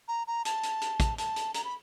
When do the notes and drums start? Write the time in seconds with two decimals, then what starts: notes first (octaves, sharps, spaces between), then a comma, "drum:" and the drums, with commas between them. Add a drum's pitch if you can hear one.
0.08 A#5
0.27 A#5
0.45 A5, drum: hi-hat
0.63 drum: hi-hat
0.81 drum: hi-hat
1.00 drum: kick, hi-hat
1.18 A5, drum: hi-hat
1.36 drum: hi-hat
1.54 A#5, drum: hi-hat
1.64 B5